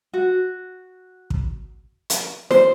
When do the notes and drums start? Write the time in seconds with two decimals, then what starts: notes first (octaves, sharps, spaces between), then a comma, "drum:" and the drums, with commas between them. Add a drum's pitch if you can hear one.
0.14 F#4
1.30 drum: kick
2.10 drum: hi-hat
2.51 C5, drum: snare E4